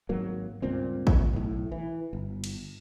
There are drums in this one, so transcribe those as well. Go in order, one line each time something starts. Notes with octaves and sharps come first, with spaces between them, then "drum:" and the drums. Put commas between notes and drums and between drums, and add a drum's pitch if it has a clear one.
G#1 F#3 A#3
C#2 G2 A#2 C4
drum: kick A1
B1 A2
E3
G1
drum: cymbal